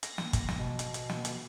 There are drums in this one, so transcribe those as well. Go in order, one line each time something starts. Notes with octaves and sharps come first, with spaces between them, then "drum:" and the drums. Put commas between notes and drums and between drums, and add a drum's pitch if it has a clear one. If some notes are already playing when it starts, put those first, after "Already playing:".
A#6, drum: hi-hat
drum: snare
drum: kick, hi-hat
drum: snare
B2
drum: hi-hat
drum: hi-hat
drum: snare
drum: hi-hat